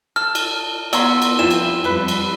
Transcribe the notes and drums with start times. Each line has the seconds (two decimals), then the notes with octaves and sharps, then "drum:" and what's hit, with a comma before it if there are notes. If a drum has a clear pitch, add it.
0.16 A4 F6
0.35 drum: cymbal
0.93 C#3 F#3 B3 D5 F#5 A#5 C6 E6, drum: cymbal
1.22 drum: cymbal
1.39 F2 E3 G3 E4 F4 E7
1.51 drum: cymbal
1.84 F2 D3 G3 B4
2.08 drum: cymbal